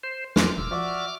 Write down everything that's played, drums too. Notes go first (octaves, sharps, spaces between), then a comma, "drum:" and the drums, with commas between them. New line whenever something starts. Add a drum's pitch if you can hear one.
C5
F2 F4 D6 F6, drum: snare
E1 E6
F3 F#4 D5 E5